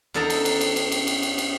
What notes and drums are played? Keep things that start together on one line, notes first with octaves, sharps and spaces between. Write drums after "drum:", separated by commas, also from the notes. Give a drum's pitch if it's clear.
E2 D4 A4 D#5 A5 A#5
drum: cymbal
drum: cymbal
drum: cymbal
drum: cymbal
drum: cymbal
drum: cymbal
drum: cymbal
drum: cymbal